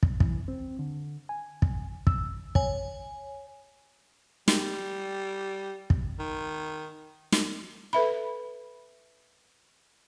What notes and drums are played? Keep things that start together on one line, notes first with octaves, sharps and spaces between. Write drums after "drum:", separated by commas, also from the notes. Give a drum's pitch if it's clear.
drum: kick
E3, drum: kick
C4
D3
G#5
drum: kick
E6, drum: kick
C#5 G#5, drum: kick
G3, drum: snare
drum: kick
D#3
drum: snare
A4 B4 E5 B5